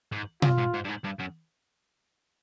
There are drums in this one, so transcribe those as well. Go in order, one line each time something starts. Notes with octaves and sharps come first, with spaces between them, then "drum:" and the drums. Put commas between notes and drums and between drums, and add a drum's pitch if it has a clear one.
G#2
G2 F4, drum: tom B2
G#2
G#2
G2
G#2
G2
F#2